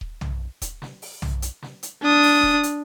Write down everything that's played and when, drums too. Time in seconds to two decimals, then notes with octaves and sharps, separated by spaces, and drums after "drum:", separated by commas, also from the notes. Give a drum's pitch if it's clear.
0.01 drum: kick D#1
0.21 drum: tom B1
0.62 drum: kick D#1, hi-hat
0.82 drum: snare
1.02 drum: open hi-hat
1.22 drum: tom B1
1.42 drum: hi-hat
1.62 drum: snare
1.83 drum: hi-hat
2.03 D4 D#6
2.23 drum: open hi-hat
2.43 drum: kick D#1
2.63 drum: hi-hat